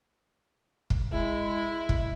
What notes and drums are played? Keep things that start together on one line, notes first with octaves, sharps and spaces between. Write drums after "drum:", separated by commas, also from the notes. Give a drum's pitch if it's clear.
drum: kick
G#3 E4
drum: kick